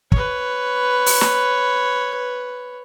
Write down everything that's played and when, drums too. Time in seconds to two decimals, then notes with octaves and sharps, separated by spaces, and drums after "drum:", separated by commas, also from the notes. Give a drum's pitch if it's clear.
0.12 B4 C#5, drum: kick
1.06 drum: open hi-hat
1.21 drum: snare